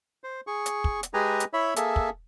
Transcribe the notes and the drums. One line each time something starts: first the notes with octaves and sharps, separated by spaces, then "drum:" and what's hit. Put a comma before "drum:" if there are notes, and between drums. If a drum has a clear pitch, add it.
C5
G#4 C#6
drum: hi-hat
drum: kick
drum: hi-hat
G#3 G4 G#4 B4 G#5 A#5
drum: hi-hat
E4 C#5 E5 B5
A#3 G#4 A4 E5, drum: hi-hat
drum: kick